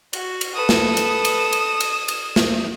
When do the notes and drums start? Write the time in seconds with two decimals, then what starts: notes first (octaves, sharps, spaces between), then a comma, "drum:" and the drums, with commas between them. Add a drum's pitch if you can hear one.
0.13 F#4, drum: cymbal
0.41 drum: cymbal
0.54 A4 B4 D#6 E7
0.69 drum: snare
0.97 drum: cymbal
1.25 drum: cymbal
1.53 drum: cymbal
1.80 drum: cymbal
2.08 drum: cymbal
2.36 drum: snare